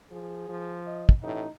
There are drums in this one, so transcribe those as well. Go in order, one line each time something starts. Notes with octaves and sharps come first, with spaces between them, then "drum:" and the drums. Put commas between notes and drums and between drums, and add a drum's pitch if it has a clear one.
F3 G#4
F3
D#5
drum: kick
A1 A2 D#4